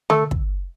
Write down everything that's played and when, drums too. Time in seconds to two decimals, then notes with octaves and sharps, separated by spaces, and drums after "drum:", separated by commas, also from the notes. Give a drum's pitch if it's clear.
0.10 A3, drum: tom D3
0.31 drum: kick